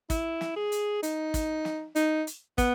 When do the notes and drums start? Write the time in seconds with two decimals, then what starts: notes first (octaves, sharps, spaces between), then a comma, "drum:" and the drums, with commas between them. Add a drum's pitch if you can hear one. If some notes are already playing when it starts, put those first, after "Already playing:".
0.10 E4, drum: kick, hi-hat
0.41 drum: snare
0.56 G#4
0.72 drum: hi-hat
1.03 D#4, drum: hi-hat
1.34 drum: kick, hi-hat
1.65 drum: snare
1.96 D#4, drum: hi-hat
2.27 drum: hi-hat
2.58 B3, drum: kick, hi-hat